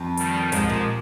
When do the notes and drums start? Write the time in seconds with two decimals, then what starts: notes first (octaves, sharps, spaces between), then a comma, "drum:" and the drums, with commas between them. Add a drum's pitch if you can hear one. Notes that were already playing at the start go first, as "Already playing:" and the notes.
Already playing: F2
0.17 D#3 G3, drum: hi-hat
0.52 G#2 F3 G#3, drum: kick, hi-hat
0.70 A#2